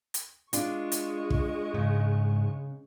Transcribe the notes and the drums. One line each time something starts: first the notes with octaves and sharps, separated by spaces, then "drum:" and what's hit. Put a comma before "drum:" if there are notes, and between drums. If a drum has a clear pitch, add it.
drum: hi-hat
G#3 D4 F4 C#6, drum: hi-hat
drum: hi-hat
drum: kick
G#2 C#3